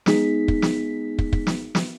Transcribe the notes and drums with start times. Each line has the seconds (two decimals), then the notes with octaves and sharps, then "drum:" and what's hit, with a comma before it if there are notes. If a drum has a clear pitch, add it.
0.06 G#3 B3 D#4 G#4 B6, drum: snare
0.48 drum: kick
0.62 drum: snare
1.18 drum: kick
1.33 drum: kick
1.47 drum: snare
1.75 drum: snare